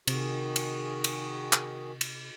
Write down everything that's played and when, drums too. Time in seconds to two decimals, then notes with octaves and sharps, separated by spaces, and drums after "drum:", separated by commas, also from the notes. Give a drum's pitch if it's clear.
0.07 C3 D#3 F#4 G#4, drum: cymbal
0.56 drum: cymbal
1.04 drum: cymbal
1.53 drum: clap
2.01 drum: cymbal